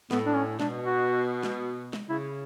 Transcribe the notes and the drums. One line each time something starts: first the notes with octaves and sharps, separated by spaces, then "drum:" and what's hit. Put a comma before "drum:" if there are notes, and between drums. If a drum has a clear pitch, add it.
A2 B3, drum: snare G#3
D4
C#4
B2 D4, drum: snare G#3
F#4
drum: snare G#3
drum: snare G#3
C#3 E4